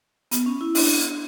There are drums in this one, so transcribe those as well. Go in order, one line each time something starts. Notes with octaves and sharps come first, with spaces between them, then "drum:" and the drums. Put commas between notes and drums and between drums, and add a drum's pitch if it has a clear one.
B3, drum: hi-hat
C#4
E4
D4, drum: open hi-hat